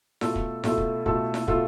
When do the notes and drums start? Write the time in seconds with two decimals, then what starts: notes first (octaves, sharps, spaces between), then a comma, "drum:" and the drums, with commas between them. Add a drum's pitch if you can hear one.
0.21 B2 A3 F4 A4, drum: snare E4
0.35 drum: kick
0.64 B2 A3 F4 A4, drum: snare E4
0.78 drum: kick
1.06 B2 A3 F4 A4, drum: kick
1.34 drum: snare E4
1.48 B2 A3 F4 A4, drum: kick